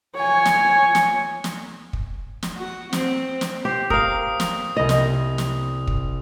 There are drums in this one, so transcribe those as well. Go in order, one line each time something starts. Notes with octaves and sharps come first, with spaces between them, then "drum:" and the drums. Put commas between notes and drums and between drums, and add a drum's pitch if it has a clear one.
C#5 G#5
drum: snare
drum: snare
drum: snare
drum: kick
drum: snare
F#4
C4, drum: snare
drum: snare
G4 C5 C7
A#4 F5 D#6, drum: kick
drum: snare
C2 D#5 A#6
drum: snare
drum: snare
drum: kick